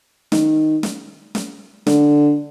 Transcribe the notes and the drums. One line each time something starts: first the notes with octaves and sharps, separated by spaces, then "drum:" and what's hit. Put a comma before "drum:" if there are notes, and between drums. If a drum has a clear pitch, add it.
D#3, drum: snare
drum: snare
drum: snare
D3, drum: snare